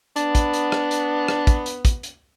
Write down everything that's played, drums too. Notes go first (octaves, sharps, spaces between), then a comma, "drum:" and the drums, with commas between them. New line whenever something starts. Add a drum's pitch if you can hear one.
B3 D4, drum: hi-hat
drum: kick, hi-hat
drum: hi-hat
drum: rim click
drum: hi-hat
drum: rim click
drum: kick, hi-hat
drum: hi-hat
drum: kick, hi-hat
drum: hi-hat